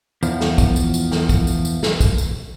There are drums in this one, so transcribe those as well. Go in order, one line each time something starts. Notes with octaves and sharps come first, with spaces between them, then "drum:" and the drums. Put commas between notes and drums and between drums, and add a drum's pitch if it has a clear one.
E2 F3, drum: tambourine
drum: snare
drum: kick, tambourine
drum: tambourine
drum: tambourine
drum: snare
drum: kick, tambourine
drum: tambourine
drum: tambourine
drum: snare
drum: kick, tambourine
drum: tambourine